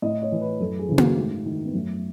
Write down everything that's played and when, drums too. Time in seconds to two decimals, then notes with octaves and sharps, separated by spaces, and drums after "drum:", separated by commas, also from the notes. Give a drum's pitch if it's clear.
0.02 A2 D#5
0.22 C#5
0.32 E3
0.41 B4
0.60 F#2 A4
0.79 G#4
0.89 C#3 E3
0.98 F#4, drum: tom A#3
1.16 G#2 A3
1.46 D#3
1.65 B3
1.74 F#2 A3